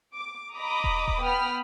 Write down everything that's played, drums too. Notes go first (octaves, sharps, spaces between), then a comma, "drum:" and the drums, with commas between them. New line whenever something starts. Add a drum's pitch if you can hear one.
D6
D#5 A#5 B5 D6 D#6
drum: kick D#1
drum: kick D#1
B3 G5 B5 D#6 F6